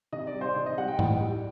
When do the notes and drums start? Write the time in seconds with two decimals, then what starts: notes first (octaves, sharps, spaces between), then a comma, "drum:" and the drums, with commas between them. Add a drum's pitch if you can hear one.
0.12 C3 D#5
0.27 D5
0.34 G3
0.41 C5
0.56 C3
0.66 D#5
0.78 G3 F#5
0.88 G5
0.99 A2, drum: tom G2
1.21 G3